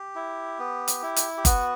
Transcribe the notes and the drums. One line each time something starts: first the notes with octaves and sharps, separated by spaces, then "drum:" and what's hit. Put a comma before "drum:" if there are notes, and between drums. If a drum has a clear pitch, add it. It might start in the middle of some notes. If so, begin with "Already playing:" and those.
Already playing: G4
E4
B3
drum: hi-hat
E4
drum: hi-hat
G4
B3 F#4, drum: kick G1, hi-hat